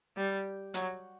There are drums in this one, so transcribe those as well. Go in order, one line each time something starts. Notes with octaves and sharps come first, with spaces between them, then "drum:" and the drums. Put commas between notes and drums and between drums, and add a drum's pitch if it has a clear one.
G3
F#3, drum: hi-hat